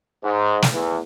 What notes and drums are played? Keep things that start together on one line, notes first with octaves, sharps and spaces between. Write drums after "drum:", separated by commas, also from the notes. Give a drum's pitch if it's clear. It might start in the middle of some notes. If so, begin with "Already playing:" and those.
G#2
drum: snare
E2